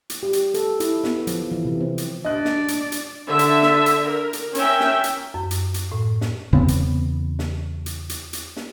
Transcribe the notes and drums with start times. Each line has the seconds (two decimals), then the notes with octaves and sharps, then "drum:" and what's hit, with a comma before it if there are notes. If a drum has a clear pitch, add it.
0.10 drum: hi-hat
0.23 G4
0.33 drum: hi-hat
0.54 A4, drum: hi-hat
0.80 E4, drum: hi-hat
1.04 B3, drum: snare
1.27 F3, drum: hi-hat
1.51 E3
1.65 C3
1.80 C4
1.98 drum: hi-hat
2.25 D4 D5 D#5 F#6
2.45 drum: snare
2.68 drum: hi-hat
2.92 drum: hi-hat
3.27 D3 E5
3.39 drum: hi-hat
3.62 drum: snare
3.86 drum: hi-hat
4.06 A#4
4.33 drum: hi-hat
4.55 C#4 A#4 E5 G5, drum: hi-hat
4.80 drum: snare
5.04 drum: hi-hat
5.34 F#2
5.51 drum: hi-hat
5.74 drum: hi-hat
5.92 A2
6.21 drum: snare
6.53 E2 C#3 B3 C4
6.68 drum: hi-hat
7.39 drum: snare
7.86 drum: hi-hat
8.09 drum: hi-hat
8.33 drum: hi-hat
8.57 drum: snare